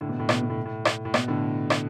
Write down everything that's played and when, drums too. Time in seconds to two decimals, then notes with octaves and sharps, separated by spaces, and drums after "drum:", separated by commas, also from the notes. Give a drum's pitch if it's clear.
0.01 A2 D3
0.09 B2
0.19 A2
0.29 B2, drum: rim click
0.43 B2
0.50 A2
0.65 A2
0.85 drum: rim click
1.05 A2
1.14 B2, drum: rim click
1.28 A2 D3
1.70 drum: rim click